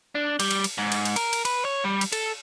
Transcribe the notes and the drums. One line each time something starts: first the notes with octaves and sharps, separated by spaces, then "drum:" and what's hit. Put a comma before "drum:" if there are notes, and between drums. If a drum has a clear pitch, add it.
D4
G3, drum: cymbal
drum: cymbal
drum: cymbal
G#2
drum: cymbal
drum: cymbal
A#4, drum: cymbal
drum: cymbal
B4, drum: cymbal
C#5
G3
drum: cymbal
A4, drum: cymbal